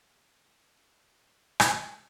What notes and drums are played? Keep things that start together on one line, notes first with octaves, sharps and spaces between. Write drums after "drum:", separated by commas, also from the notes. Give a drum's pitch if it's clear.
F#2 A#2 G3 C#4
G#2
drum: rim click